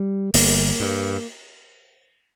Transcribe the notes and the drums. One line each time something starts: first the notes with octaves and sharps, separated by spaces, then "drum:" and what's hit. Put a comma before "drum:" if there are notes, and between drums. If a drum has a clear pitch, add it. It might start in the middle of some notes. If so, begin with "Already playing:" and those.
Already playing: G3
G1 A#3, drum: open hi-hat
G2